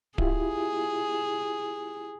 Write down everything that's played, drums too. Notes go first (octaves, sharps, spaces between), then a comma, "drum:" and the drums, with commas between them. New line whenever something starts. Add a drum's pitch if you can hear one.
E4 F4 G4 G#4, drum: kick D1